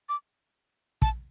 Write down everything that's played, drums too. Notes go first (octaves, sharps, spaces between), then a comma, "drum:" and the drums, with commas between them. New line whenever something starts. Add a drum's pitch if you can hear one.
D6
A5, drum: kick